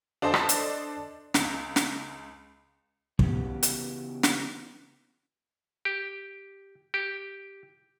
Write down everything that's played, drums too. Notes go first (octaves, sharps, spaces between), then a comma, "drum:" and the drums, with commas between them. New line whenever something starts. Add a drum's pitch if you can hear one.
D4 A4 C5 D#5 A5
drum: rim click
drum: hi-hat
C#2, drum: snare
drum: snare
C#3 E3 B3 F#4 G4, drum: kick
drum: hi-hat
drum: snare
G4
G4